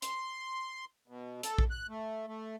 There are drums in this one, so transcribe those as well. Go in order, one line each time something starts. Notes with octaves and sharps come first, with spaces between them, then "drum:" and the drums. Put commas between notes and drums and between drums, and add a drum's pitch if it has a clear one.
C6, drum: hi-hat
B2
A4, drum: hi-hat
drum: kick A#1
F#6
A3
A3